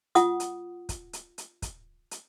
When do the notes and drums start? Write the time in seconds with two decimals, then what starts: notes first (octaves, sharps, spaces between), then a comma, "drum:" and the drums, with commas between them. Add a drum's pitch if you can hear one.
0.15 F4 F#5 D#6, drum: hi-hat
0.40 drum: hi-hat
0.89 drum: kick, hi-hat
1.13 drum: hi-hat
1.38 drum: hi-hat
1.62 drum: kick, hi-hat
2.11 drum: hi-hat